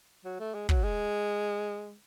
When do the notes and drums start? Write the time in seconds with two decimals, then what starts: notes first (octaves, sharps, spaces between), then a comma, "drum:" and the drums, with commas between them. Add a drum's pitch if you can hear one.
0.25 F#3
0.40 A3
0.54 G#3
0.69 F#3, drum: kick
0.83 G#3